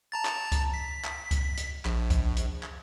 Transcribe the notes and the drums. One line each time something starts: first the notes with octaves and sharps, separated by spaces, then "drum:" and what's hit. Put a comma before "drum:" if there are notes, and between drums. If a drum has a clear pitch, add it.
A5 A#5 A6
drum: clap
drum: kick C#2, hi-hat
B6
drum: clap
drum: kick C#2, hi-hat
drum: hi-hat
A#1, drum: clap
drum: kick C#2, hi-hat
drum: hi-hat
drum: clap